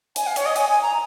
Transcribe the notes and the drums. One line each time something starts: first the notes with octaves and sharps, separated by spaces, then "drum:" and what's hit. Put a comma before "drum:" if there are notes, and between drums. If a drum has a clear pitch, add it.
G#5, drum: hi-hat
F5
C#5, drum: hi-hat
D#5
G#5, drum: hi-hat
G#5
A#5